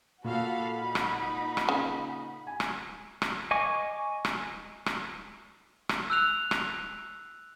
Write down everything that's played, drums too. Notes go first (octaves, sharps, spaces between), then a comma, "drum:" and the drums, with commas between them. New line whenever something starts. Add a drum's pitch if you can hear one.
A#2 F#4 A4 F5 F#5 B5
D#4
drum: rim click
drum: rim click
C#3
G#5
drum: rim click
drum: rim click
D#5 G#5 C#6 D6
drum: rim click
drum: rim click
drum: rim click
E6 F#6 F7
drum: rim click